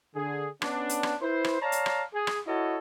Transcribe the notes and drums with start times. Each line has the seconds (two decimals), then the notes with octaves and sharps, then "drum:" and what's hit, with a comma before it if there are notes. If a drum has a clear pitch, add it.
0.15 D3 G#4
0.62 B3 C#4 D4, drum: rim click
0.89 drum: hi-hat
1.03 drum: rim click
1.21 E4 B4 C5
1.44 drum: rim click
1.62 C#5 D5 F5 A5 A#5
1.72 drum: hi-hat
1.86 drum: rim click
2.13 G#4
2.27 drum: rim click
2.47 E4 F#4 A4 C#5 D#5